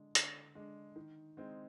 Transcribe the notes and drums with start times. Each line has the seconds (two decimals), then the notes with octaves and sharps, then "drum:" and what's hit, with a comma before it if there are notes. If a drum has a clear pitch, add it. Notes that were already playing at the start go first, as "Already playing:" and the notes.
Already playing: D3 G#3 D4
0.15 D3, drum: hi-hat
0.55 G#3 D4
0.96 D#3
1.37 G#3 C4 D#4